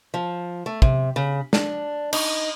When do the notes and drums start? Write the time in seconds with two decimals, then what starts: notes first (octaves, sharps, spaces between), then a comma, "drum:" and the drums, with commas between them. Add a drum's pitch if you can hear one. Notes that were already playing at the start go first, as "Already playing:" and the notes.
0.14 F3
0.66 A3
0.82 C3, drum: kick
1.16 C#3
1.53 D4, drum: snare
2.13 D#4, drum: cymbal